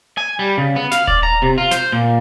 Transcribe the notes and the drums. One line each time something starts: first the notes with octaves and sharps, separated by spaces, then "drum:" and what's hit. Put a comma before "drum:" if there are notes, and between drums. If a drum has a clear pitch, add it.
G#5
G3
C#3
B3
F5, drum: snare
D5, drum: kick D#1
A#5
C3
F4
C5, drum: snare
A#2